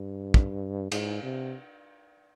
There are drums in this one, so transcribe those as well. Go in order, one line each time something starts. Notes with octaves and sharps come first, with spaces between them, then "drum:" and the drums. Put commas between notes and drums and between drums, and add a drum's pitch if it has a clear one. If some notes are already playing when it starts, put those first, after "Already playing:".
Already playing: G2
drum: kick
G#2, drum: cymbal
C3